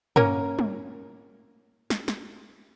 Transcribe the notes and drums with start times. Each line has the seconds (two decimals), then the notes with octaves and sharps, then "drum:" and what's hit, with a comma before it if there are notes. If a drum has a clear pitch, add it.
0.16 A#3 C#4 A#4, drum: tom
0.59 drum: tom
1.90 drum: snare
2.08 drum: snare